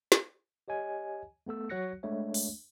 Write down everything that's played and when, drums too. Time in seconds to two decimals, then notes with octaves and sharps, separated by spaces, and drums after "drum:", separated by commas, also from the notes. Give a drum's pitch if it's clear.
0.12 drum: snare
0.68 G4 C#5 D#5 G#5
1.47 A3 B3 A4 E6
1.69 F#3 F#4 C#5 F#6 A#6 C#7
2.03 G#3 A3 D4 C#5 E5
2.34 drum: open hi-hat